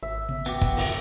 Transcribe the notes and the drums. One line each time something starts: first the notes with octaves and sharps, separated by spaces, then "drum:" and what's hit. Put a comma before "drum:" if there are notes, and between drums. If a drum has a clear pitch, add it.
G#1 E5
C#3 B3
A1 D2 B3 F#4 G4, drum: hi-hat
drum: kick, hi-hat
drum: open hi-hat